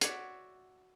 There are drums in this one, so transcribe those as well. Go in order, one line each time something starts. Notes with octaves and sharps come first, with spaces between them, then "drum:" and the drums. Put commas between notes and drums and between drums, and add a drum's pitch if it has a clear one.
F#4 C#5 D5 E5, drum: hi-hat